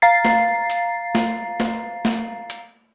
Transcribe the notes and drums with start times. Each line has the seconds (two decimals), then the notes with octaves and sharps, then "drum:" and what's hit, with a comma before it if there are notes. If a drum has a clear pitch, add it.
0.02 F5 A#5 A6 C7
0.25 drum: snare
0.70 drum: hi-hat
1.15 drum: snare
1.60 drum: snare
2.05 drum: snare
2.50 drum: hi-hat